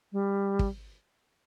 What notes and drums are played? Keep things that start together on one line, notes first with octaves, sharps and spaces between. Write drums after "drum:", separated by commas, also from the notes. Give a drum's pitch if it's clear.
G3
drum: kick